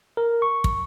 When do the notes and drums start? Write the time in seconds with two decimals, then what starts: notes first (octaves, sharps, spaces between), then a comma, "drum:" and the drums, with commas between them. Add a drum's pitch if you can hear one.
0.17 A#4
0.42 C#6
0.64 drum: kick